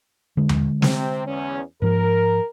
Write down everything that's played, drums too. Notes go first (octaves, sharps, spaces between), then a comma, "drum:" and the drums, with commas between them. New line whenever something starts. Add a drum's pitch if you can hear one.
D3 G#3
drum: tom D#2
C3 C4, drum: snare
E2 C#4
G#2 F3 A#4